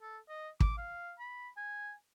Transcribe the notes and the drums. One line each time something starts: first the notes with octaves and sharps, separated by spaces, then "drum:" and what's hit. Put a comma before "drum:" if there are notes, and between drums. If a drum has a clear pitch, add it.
A4
D#5
D6, drum: kick
F5
B5
G#5